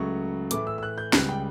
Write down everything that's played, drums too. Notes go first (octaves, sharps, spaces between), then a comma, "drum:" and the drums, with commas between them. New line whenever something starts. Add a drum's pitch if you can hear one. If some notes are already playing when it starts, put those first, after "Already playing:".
Already playing: C#2 C#3 F#3 A3 C#6
A2 E3 A3 D6, drum: hi-hat
E6
E6
F#6
G6
C#2 C#3 G3 F#6, drum: snare
G5